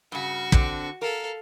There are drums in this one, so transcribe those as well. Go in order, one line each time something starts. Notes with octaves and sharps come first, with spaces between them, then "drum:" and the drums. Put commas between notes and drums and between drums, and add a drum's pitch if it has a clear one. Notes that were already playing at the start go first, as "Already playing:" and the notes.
G2 C#3 F#4 C#6
D3 C4 D4, drum: kick
A4 A#4 F5